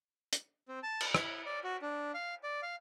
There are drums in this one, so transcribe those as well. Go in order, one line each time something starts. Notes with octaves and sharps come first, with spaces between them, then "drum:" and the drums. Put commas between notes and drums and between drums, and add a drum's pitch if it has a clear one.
drum: hi-hat
C4
A5
drum: cymbal
E4, drum: rim click
D5
F#4
D4
F5
D5
F5